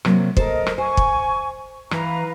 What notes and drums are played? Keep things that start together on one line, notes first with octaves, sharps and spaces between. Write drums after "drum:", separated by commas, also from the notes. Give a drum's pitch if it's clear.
C3 F#3 A#3, drum: rim click
A4 A#4 C5 D#5, drum: kick
drum: rim click
C5 G#5 C#6
drum: kick
E3 B4 F5 A#5, drum: rim click